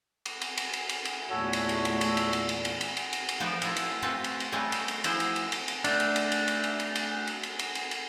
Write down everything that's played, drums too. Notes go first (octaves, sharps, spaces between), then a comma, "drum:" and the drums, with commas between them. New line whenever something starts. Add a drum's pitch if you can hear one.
drum: cymbal
drum: cymbal
drum: cymbal
drum: cymbal
drum: cymbal
drum: cymbal
E2 A#2 A3 E4 F#4 A4 C#5
drum: cymbal
drum: cymbal
drum: cymbal
drum: cymbal
drum: cymbal
drum: cymbal
drum: cymbal
drum: cymbal
drum: cymbal
drum: cymbal
drum: cymbal
drum: cymbal
F3 B3 D#4 D5
A3 E4 F4, drum: cymbal
drum: cymbal
C4 F4 F#4 A4 B4
drum: cymbal
drum: cymbal
G3 A3 C#4 F4 B4 D#5
drum: cymbal
drum: cymbal
F3 E4 C5, drum: cymbal
drum: cymbal
drum: cymbal
drum: cymbal
drum: cymbal
A3 D4, drum: cymbal
drum: cymbal
drum: cymbal
drum: cymbal
drum: cymbal
drum: cymbal
drum: cymbal
drum: cymbal
drum: cymbal
drum: cymbal
drum: cymbal
drum: cymbal
drum: cymbal